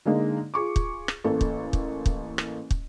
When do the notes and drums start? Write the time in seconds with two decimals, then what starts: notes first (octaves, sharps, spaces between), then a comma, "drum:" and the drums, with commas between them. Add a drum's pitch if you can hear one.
0.06 D3 G#3 A#3 D#4
0.54 F4 G#4 C#6 D6
0.76 drum: kick
1.08 drum: rim click
1.24 A1 A#3 A4
1.41 drum: kick
1.73 drum: kick
2.06 drum: kick
2.38 drum: rim click
2.71 drum: kick